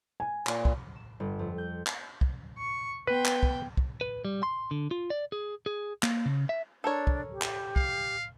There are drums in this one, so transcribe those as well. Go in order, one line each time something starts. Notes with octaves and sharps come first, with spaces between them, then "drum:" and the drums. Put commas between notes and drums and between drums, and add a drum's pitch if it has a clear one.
G#5
A#2, drum: clap
drum: kick
E7
G1
F2
G6
drum: clap
drum: kick
C#6
B3 B4 G5 C6
drum: clap
drum: kick
drum: kick
B4
G3
C6
D3
F4
D5
G#4
G#4
A#3, drum: clap
C#3
E5
D4 A4 A#4 C#5
drum: kick
G4
drum: clap
F5, drum: kick